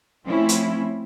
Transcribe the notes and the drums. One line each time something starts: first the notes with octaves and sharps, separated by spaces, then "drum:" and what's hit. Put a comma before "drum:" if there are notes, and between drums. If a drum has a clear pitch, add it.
F3 A3 C4 C#4 E4
drum: hi-hat